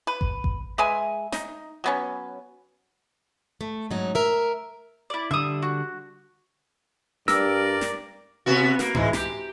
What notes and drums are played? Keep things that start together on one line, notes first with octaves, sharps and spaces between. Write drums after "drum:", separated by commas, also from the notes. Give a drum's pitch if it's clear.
B4
drum: kick G#1
drum: kick G#1
G#3 B4 E5 G#5
D#4, drum: snare
F#3 B3 C#4
A3
G#2 F#3 C#4 D#4
A#4 E5
E4 D5
D3 G3 E5 D#6
F#4
G2 G4 A#4 D5 E6, drum: snare
drum: snare
C3 B3 F#4
A#3, drum: snare
G#2 E3 G#3, drum: tom G#2
G4, drum: snare